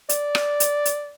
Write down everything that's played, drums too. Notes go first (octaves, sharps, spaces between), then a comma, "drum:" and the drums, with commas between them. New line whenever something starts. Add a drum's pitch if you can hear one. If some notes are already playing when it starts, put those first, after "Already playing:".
D5, drum: hi-hat
drum: rim click
drum: hi-hat
drum: hi-hat